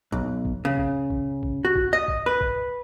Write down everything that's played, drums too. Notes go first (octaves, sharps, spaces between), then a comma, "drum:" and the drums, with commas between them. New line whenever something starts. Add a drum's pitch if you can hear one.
B1, drum: kick A#1
drum: kick A#1
C#3
drum: kick A#1
drum: kick A#1
drum: kick A#1
F#4
drum: kick A#1
D#5
drum: kick A#1
B4
drum: kick A#1